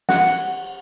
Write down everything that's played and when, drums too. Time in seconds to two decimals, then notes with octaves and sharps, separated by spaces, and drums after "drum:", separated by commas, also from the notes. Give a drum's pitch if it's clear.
0.09 F#5, drum: snare
0.28 drum: cymbal